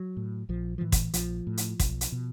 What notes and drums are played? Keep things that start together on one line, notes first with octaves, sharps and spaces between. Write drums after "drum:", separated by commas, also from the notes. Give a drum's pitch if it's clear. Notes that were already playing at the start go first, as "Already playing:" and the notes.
Already playing: F#3
A2
A#1 F3
F3
A2 E3
drum: kick, hi-hat
A#1 F3, drum: hi-hat
A2
drum: hi-hat
B1, drum: kick, hi-hat
drum: hi-hat
B2